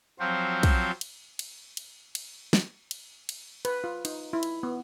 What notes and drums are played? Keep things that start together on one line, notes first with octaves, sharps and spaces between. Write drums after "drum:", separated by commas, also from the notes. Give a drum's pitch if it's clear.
F3 F#3 C4 F4 C5
drum: kick, cymbal
drum: cymbal
drum: cymbal
drum: cymbal
drum: cymbal
drum: snare
drum: cymbal
drum: cymbal
B4, drum: cymbal
F4
D#4, drum: cymbal
E4
drum: cymbal
B3